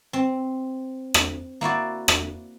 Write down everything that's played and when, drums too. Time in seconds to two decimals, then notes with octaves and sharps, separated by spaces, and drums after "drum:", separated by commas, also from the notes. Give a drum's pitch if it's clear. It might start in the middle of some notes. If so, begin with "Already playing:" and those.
0.13 C4
1.14 drum: rim click
1.61 A#3 E4 F#4 D5
2.08 drum: rim click